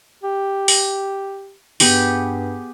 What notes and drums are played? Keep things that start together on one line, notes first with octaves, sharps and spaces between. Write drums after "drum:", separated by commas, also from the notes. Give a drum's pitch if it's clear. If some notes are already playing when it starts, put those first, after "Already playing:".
G4
drum: open hi-hat
G2 B3 G4 G#4, drum: open hi-hat